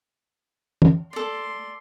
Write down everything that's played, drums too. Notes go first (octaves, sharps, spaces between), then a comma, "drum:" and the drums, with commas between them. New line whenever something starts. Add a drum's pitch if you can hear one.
drum: tom
A4 D5 C6